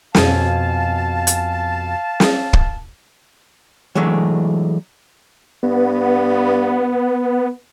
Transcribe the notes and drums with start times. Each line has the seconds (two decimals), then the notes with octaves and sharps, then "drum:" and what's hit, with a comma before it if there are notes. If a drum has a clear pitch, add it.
0.15 F2 B2 F5 G#5 A5, drum: snare
1.27 drum: hi-hat
2.20 drum: snare
2.53 drum: kick
3.95 E3 F#3 G#3 A3 D4
5.63 G2 B3